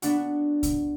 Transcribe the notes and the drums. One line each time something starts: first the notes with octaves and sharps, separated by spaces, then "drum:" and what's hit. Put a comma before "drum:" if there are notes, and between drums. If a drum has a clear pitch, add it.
B3 D4 F#4, drum: hi-hat
drum: kick C2, hi-hat